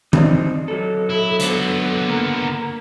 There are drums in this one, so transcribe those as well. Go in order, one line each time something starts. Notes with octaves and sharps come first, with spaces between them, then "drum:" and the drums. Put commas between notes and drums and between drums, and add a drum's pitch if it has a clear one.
C4 D4 D#4, drum: tom D#3
F#3 A4
E4
D3 B3, drum: hi-hat
A#3